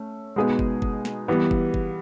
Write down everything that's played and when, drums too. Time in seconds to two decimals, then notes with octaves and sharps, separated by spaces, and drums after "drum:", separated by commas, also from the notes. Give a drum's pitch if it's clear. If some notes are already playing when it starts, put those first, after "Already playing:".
Already playing: A3 C#4
0.36 B2 G#3 B3 D#4 G#4
0.59 drum: kick
0.82 drum: kick
1.05 drum: snare
1.28 E3 G3 B3
1.51 drum: kick
1.74 drum: kick